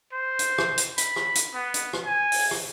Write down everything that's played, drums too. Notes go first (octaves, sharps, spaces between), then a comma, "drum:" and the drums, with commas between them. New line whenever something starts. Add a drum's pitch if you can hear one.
C5
drum: hi-hat
drum: rim click
drum: hi-hat
B5, drum: hi-hat
drum: rim click
drum: hi-hat
B3
drum: hi-hat
drum: rim click
G#5
drum: open hi-hat
drum: rim click